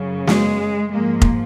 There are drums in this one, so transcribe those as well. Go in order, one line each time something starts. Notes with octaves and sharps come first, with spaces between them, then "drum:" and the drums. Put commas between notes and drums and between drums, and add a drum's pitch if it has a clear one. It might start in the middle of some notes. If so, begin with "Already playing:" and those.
Already playing: F#2 C#3
G#3, drum: snare
G#2 F3 G#3 A#3
drum: kick F1